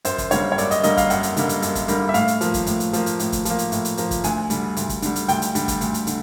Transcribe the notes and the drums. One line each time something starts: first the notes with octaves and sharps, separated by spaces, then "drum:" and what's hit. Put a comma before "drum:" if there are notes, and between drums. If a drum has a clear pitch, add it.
F#2 C5, drum: hi-hat
drum: kick, hi-hat
D3 G3 A#3 C#5, drum: hi-hat
C#5
F#2 D5, drum: hi-hat
D#5, drum: hi-hat
D3 G3 A#3 D#5, drum: hi-hat
F5, drum: kick, hi-hat
F#2 F#5, drum: hi-hat
drum: hi-hat
D3 G3 A#3, drum: hi-hat
drum: hi-hat
F#2, drum: hi-hat
drum: kick, hi-hat
D3 G3 A#3, drum: hi-hat
E5
A2 F5, drum: hi-hat
drum: hi-hat
F3 A#3, drum: hi-hat
drum: kick, hi-hat
A2, drum: hi-hat
drum: hi-hat
F3 A#3, drum: hi-hat
drum: hi-hat
A2, drum: hi-hat
drum: kick, hi-hat
F3 A#3, drum: hi-hat
drum: hi-hat
A2, drum: hi-hat
drum: hi-hat
F3 A#3, drum: hi-hat
drum: kick, hi-hat
D2 G#5, drum: hi-hat
D3 G3, drum: hi-hat
D2, drum: hi-hat
drum: kick, hi-hat
D3 G3, drum: hi-hat
drum: hi-hat
D2 G5, drum: hi-hat
drum: hi-hat
D3 G3, drum: hi-hat
drum: kick, hi-hat
D2, drum: hi-hat
drum: hi-hat
D3, drum: hi-hat